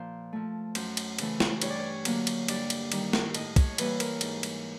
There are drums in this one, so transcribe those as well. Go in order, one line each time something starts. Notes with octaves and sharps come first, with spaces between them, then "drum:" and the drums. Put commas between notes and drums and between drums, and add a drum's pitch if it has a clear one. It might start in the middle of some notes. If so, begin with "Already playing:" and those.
Already playing: A#2 F3 C5
F3 A3
F#2 C5, drum: cymbal
drum: cymbal
C#3 E3 A3, drum: cymbal
drum: snare
G2 C#5, drum: cymbal
D5
C#5
D3 F#3 A#3, drum: cymbal
drum: cymbal
G2 D5, drum: cymbal
drum: cymbal
D#3 G3, drum: cymbal
drum: snare
A2 D#5, drum: cymbal
C#5, drum: kick, cymbal
E3 G3 A#3 B4, drum: cymbal
A#4, drum: cymbal
G#2, drum: cymbal
drum: cymbal